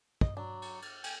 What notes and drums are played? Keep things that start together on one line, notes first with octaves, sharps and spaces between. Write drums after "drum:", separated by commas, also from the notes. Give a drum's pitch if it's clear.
D#5, drum: kick
F#3 D4
drum: cymbal
drum: cymbal
G5 G#5, drum: cymbal